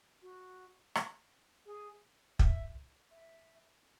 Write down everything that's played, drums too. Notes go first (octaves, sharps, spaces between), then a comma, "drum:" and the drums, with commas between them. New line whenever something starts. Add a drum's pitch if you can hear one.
F#4
drum: rim click
G#4
E5, drum: kick
E5